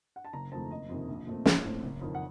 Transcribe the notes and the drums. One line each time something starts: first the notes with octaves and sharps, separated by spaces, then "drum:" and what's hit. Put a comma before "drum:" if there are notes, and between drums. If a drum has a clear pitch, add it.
F#5
A5
F#1 A#5
F2 D#3 A3 C4 A5
F#1 D#5
F2 C3 D#3
A#1
A#2 A3 C4
A#1 C#5, drum: snare
A2 A3 C4
F#1
F2 D#3
F#5